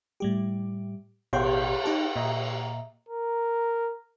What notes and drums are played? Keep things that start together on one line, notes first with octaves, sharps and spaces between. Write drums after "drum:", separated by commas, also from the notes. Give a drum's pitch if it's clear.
A2 G3 G4
A1 B2 G4 C#5 C6 G6, drum: cymbal
D#4 G4 A5
A#2 D#5 E5 A#5
A#4